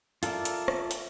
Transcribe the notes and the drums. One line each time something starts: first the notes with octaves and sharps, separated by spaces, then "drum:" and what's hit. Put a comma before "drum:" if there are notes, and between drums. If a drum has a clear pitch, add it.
F4 A4 A#4 D5 E5, drum: hi-hat
drum: hi-hat
drum: rim click
drum: hi-hat